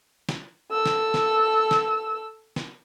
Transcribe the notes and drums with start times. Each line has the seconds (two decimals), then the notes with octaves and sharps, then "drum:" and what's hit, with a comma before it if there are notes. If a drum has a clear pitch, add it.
0.29 drum: snare
0.71 A4 E6
0.86 drum: snare
1.14 drum: snare
1.71 drum: snare
2.56 drum: snare